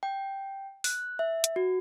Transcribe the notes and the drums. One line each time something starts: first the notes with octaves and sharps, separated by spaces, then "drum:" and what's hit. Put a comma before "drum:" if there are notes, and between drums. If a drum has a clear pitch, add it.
G5
F#6, drum: open hi-hat
E5
drum: hi-hat
F#4